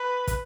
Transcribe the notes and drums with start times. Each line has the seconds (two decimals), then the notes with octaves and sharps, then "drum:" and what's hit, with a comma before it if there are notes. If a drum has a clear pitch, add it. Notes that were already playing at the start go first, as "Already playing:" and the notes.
Already playing: B4
0.27 drum: kick, hi-hat